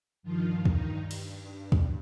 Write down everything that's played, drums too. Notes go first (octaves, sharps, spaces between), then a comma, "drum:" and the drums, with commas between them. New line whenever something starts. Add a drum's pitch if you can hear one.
G2 D#3 F3 F4
D#3 D#4, drum: kick
drum: cymbal
drum: kick